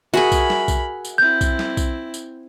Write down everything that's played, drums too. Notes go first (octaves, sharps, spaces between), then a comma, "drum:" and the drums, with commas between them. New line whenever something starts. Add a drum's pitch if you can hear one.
F#4 G#4 A#4 E5 F#5 G#5 B5
drum: kick B1, tambourine
drum: snare
drum: kick B1, tambourine
drum: tambourine
C4 E4 G6
drum: kick B1, tambourine
drum: snare
drum: kick B1, tambourine
drum: tambourine